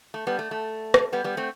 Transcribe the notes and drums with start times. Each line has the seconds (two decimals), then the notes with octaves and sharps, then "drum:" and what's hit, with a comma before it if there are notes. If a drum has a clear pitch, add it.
0.14 A3
0.27 G3 B3
0.39 A3
0.51 A3
0.94 drum: rim click
1.13 G3 B3
1.24 G3 B3
1.37 A3 C4